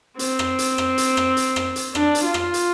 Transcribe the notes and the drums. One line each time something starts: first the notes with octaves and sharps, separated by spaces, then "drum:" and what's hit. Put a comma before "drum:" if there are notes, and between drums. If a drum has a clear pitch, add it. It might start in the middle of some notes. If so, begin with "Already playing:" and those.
C4, drum: hi-hat
drum: rim click
drum: hi-hat
drum: rim click
drum: hi-hat
drum: rim click
drum: hi-hat
drum: rim click
drum: hi-hat
D4, drum: rim click
drum: hi-hat
F4
drum: rim click
drum: hi-hat